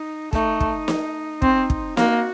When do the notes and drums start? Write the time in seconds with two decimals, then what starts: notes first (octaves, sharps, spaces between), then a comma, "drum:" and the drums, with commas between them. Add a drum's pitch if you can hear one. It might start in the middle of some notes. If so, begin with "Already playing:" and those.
Already playing: D#4
0.33 A3 D#4, drum: kick
0.60 drum: kick
0.88 drum: snare
1.42 C4, drum: kick
1.70 drum: kick
1.97 A#3 F#4, drum: snare